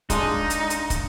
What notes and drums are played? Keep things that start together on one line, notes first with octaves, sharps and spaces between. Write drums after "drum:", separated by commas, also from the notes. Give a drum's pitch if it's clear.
G#3 D4 D#4 F4, drum: kick, hi-hat
drum: hi-hat
drum: hi-hat
drum: kick, hi-hat